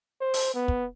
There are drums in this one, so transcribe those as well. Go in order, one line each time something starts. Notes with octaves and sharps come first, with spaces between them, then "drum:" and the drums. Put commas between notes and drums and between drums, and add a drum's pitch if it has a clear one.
C5
drum: open hi-hat
B3
drum: kick